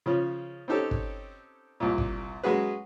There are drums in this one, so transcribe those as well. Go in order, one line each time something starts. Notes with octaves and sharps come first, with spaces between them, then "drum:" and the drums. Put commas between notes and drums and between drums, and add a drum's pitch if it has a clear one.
C#3 F3 C#4
C4 C#4 D#4 G4 A4 C#5
drum: kick
C2 A#2
drum: kick
F#3 G#3 C#4 F#4 G#4 B4